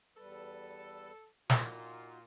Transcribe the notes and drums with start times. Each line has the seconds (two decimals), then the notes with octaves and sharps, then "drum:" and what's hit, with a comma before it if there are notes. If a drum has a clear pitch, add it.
0.17 E2 G3 A4 B4
1.50 A#2 D#4 F4 F#4, drum: snare